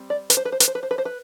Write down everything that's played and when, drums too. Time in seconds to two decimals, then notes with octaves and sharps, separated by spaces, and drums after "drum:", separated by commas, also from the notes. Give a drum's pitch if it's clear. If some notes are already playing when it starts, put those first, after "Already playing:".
Already playing: G3 C4
0.10 D5
0.30 B4, drum: hi-hat
0.37 C5
0.45 B4
0.52 C5
0.60 B4, drum: hi-hat
0.68 C5
0.75 B4
0.83 C5
0.91 B4
0.98 C5
1.05 B4